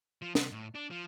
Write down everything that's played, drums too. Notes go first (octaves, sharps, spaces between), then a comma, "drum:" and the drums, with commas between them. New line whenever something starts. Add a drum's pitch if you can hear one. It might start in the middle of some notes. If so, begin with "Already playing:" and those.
F3
C3, drum: snare
A2
D4
F3